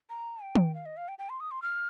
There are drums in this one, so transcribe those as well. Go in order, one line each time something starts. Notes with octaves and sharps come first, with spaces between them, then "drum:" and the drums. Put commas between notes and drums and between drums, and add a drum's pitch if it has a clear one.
A#5
G5
drum: tom
F5
D#5
F5
G5
G5
C6
D#6
C6
F6